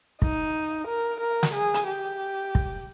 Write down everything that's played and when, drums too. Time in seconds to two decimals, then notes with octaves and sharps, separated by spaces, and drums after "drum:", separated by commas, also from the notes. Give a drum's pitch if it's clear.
0.22 D#4, drum: kick
0.88 A#4
1.20 A#4
1.43 drum: snare
1.54 G#4
1.74 drum: hi-hat
1.87 G4
2.55 drum: kick